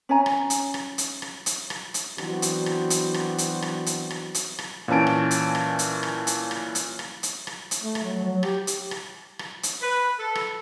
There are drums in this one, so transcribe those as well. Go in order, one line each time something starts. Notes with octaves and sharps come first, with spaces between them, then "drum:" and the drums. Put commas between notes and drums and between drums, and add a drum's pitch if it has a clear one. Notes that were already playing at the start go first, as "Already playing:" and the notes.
C#4 C#5 G#5 A#5
drum: rim click
drum: hi-hat
drum: rim click
drum: hi-hat
drum: rim click
drum: hi-hat
drum: rim click
drum: hi-hat
E3 F#3 B3 C4 D4 F#4, drum: rim click
drum: hi-hat
drum: rim click
drum: hi-hat
drum: rim click
drum: hi-hat
drum: rim click
drum: hi-hat
drum: rim click
drum: hi-hat
drum: rim click
A#2 E3 C#4 A5 D7
drum: rim click
drum: hi-hat
drum: rim click
drum: hi-hat
drum: rim click
drum: hi-hat
drum: rim click
drum: hi-hat
drum: rim click
drum: hi-hat
drum: rim click
drum: hi-hat
A3
drum: rim click
F#3
F#3
G4, drum: rim click
drum: hi-hat
drum: rim click
drum: rim click
drum: hi-hat
B4
A4
drum: rim click